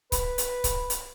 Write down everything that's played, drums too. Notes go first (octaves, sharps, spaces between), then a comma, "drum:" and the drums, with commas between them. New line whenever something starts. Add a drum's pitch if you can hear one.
B4, drum: kick C#1, hi-hat
drum: hi-hat
drum: kick C#1, hi-hat
drum: hi-hat